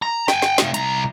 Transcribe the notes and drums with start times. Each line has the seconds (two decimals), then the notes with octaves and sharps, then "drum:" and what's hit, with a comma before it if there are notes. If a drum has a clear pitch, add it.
0.02 A#5
0.28 G5 G#5, drum: snare
0.42 drum: snare
0.58 A3 D#4, drum: snare
0.74 C2 A#5, drum: hi-hat